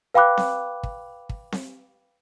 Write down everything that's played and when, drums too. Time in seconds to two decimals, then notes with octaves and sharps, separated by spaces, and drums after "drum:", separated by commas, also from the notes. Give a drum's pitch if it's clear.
0.14 B4 F5 G5 B5 D6 F#6
0.37 drum: snare C4
0.83 drum: kick
1.29 drum: kick
1.52 drum: snare C4